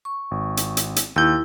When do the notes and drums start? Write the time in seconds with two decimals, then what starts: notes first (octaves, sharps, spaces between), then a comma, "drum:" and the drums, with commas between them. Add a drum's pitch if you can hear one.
0.05 C#6
0.31 G#1
0.57 drum: hi-hat
0.77 drum: hi-hat
0.96 drum: hi-hat
1.16 D#2 E4 E6 G6